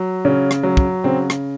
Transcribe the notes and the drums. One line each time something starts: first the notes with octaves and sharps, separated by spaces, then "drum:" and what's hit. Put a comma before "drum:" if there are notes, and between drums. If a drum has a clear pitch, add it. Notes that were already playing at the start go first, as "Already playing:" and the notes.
Already playing: F#3
C#3 C#4
drum: rim click
F#3
drum: kick
C#3 C4
drum: rim click